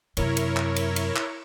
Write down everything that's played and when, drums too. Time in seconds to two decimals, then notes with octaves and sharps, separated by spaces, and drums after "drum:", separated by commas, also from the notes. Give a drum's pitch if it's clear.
0.17 F#2 C3 E4 A#4 C#5, drum: cymbal
0.37 drum: cymbal
0.57 drum: clap
0.76 drum: cymbal
0.96 drum: cymbal
1.16 drum: clap